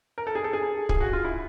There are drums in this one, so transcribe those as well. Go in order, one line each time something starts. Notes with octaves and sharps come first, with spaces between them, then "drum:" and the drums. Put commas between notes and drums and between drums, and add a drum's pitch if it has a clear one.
A#4
A4
G#4
A4
G#4
G#4, drum: kick
F#4
F4
E4